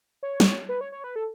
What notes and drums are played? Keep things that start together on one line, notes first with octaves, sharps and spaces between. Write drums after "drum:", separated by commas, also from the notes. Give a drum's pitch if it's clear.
C#5
drum: snare
B4
C#5
C#5
B4
A4